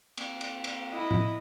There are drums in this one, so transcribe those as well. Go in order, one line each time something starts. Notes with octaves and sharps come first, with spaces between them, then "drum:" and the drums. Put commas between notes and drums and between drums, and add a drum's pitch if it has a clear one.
A#3 C4, drum: cymbal
drum: cymbal
drum: cymbal
E4 D#5
drum: tom A2